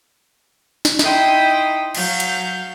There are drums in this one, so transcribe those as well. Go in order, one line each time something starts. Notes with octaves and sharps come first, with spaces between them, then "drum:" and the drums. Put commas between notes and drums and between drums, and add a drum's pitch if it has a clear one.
drum: snare
D#4 E4 C5 G5 D#6, drum: snare
F#3 F5 G6, drum: cymbal
drum: hi-hat